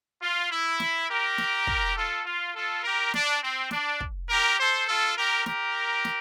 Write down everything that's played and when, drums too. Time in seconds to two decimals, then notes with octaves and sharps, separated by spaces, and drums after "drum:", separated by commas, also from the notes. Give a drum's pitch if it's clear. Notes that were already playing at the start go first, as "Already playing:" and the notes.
0.22 F4
0.51 E4
0.80 drum: snare
1.09 G4 A#4
1.38 drum: snare
1.67 drum: kick
1.96 F4 A4
2.25 F4
2.54 F4 A4
2.84 G4 A#4
3.14 D4, drum: snare
3.42 C4
3.71 D4, drum: snare
4.00 drum: kick
4.29 G4 A#4
4.59 A4 C5
4.88 F4 A4
5.17 G4 A#4
5.46 G4 A#4, drum: snare
6.05 drum: snare